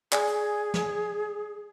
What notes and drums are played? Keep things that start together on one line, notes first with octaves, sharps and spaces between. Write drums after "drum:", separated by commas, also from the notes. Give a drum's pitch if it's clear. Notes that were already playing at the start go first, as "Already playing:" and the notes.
G#4 D5 G#5, drum: clap
drum: hi-hat
drum: snare